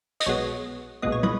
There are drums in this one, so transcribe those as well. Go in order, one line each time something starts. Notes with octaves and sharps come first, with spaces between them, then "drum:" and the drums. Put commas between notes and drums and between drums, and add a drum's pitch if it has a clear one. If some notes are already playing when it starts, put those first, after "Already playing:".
D#5, drum: hi-hat
B1 B2 G#3 B3 C#5
B1 A#2 G#3 B3 D#5
C#5
B4 D#5, drum: tom